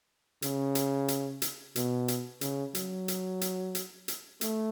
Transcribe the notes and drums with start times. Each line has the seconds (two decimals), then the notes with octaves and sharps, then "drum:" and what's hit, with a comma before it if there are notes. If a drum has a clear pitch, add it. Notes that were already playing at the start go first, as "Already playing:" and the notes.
0.42 C#3, drum: hi-hat
0.75 drum: hi-hat
1.08 drum: hi-hat
1.42 drum: hi-hat
1.76 B2, drum: hi-hat
2.08 drum: hi-hat
2.41 C#3, drum: hi-hat
2.75 F#3, drum: hi-hat
3.08 drum: hi-hat
3.41 drum: hi-hat
3.75 drum: hi-hat
4.08 drum: hi-hat
4.41 A3, drum: hi-hat